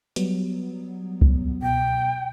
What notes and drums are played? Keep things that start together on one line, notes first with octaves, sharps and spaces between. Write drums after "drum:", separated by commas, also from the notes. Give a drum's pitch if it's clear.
F#3 G3 B3, drum: hi-hat
drum: kick C2
B2 G5